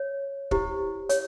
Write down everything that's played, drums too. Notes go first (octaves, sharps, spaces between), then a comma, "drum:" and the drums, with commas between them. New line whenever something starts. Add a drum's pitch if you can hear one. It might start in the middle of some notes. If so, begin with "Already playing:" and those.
Already playing: C#5
E4 G4 C5, drum: kick
C#5, drum: hi-hat